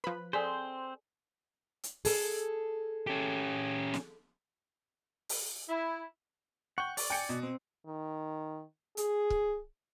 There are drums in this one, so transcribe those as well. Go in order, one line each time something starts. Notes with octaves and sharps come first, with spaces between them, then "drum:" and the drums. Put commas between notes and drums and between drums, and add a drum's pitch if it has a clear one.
F3 B4 B5
C4 G#4 A4 C5 D5 G#5
drum: hi-hat
G#4 A4, drum: open hi-hat
C#4 G4
drum: snare
drum: open hi-hat
E4
F#5 G5 C#6
D5, drum: open hi-hat
G5 G#5 C#7
B2
C4
D#3
G#4, drum: hi-hat
drum: kick